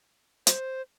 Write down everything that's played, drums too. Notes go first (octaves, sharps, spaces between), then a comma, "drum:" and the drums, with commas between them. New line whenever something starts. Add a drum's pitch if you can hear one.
C5, drum: hi-hat